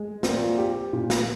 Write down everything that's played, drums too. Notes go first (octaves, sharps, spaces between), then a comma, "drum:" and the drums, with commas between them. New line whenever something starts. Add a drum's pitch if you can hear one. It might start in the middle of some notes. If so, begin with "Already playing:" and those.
Already playing: G#3
A#2 C4, drum: snare
G4
A#2
drum: snare